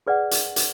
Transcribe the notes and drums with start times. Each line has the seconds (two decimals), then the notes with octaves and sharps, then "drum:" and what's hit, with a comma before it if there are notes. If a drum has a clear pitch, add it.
0.07 G#4 B4 D5 F#5
0.31 drum: hi-hat
0.56 drum: hi-hat